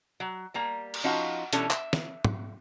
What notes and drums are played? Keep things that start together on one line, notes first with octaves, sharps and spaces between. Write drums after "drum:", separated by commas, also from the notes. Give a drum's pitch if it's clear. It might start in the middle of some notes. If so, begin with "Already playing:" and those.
F#3
G3 A#3 A#5
drum: cymbal
F3 C#4 D#4 F4 F#4
B2 E3 G3 C#4 D4 A4, drum: hi-hat
E5, drum: clap
drum: snare
drum: tom